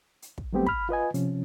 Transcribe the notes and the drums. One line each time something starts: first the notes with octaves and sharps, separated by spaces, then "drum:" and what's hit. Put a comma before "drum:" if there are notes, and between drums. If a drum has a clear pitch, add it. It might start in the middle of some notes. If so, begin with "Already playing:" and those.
drum: hi-hat
drum: kick
F#3 G3 A3 B3 C4 G4
B5 F6, drum: kick
F4 B4 D#5 G#5
C3 F3 C#4, drum: hi-hat